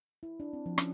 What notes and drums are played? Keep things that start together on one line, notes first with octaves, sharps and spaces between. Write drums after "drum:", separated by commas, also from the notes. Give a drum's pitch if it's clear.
E4
D4
C4
F3
C#4, drum: rim click